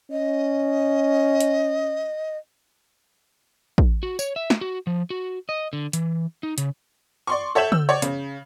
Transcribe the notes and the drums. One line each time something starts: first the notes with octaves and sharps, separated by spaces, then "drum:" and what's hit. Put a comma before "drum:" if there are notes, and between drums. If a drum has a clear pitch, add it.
C#4 D#5
drum: hi-hat
drum: kick
F#4
C#5, drum: tambourine
E5
drum: snare
F#4
F3
F#4
D#5
D3
E3, drum: hi-hat
D#4
C#3, drum: hi-hat
D5 C6 C#6
A4 C#5 E5 G6 E7 F#7
E6, drum: tom
C#5 D5
C#3, drum: hi-hat